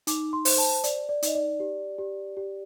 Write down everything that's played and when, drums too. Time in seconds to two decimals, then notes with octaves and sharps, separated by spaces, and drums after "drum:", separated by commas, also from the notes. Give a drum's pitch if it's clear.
0.07 D#4 D6, drum: hi-hat
0.33 C6
0.45 C5, drum: open hi-hat
0.58 A5
0.84 D5, drum: hi-hat
1.09 D5
1.23 D#4 D#5, drum: hi-hat
1.35 D5
1.60 G4
1.98 G4
2.37 G4